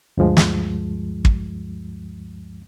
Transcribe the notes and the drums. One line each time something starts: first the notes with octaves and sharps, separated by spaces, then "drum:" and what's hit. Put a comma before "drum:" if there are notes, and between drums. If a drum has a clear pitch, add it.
D2 G2 F3 G#3
drum: snare
drum: kick